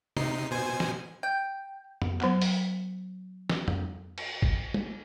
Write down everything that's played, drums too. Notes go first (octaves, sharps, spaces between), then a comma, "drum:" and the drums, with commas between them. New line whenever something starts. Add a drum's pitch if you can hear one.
C3 D#4 C7, drum: tom C3
B2 C5 G#5
drum: snare
G5
drum: tom F2
F#3 B3, drum: clap
drum: open hi-hat
drum: snare
drum: tom F2
drum: cymbal
drum: kick G#1
drum: tom G3